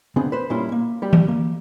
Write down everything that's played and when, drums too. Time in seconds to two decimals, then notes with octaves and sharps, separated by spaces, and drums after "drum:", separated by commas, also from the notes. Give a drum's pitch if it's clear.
0.16 C#3 B3 C4 D4 G#4
0.32 B4 C5
0.50 A#2 G3 C#4 E4 C6
0.72 A#3
1.02 G3 G4
1.13 drum: tom E3
1.28 A#3